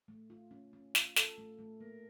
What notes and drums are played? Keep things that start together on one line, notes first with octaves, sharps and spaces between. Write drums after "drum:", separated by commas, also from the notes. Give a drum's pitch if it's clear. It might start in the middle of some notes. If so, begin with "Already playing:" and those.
A3
F4
C#4
C#4
F4, drum: snare
A4, drum: snare
A3
A3
A#3 A#4